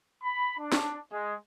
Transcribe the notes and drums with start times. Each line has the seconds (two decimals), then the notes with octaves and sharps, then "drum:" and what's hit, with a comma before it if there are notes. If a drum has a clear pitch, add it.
0.23 B5
0.59 D4
0.72 drum: snare
1.12 G#3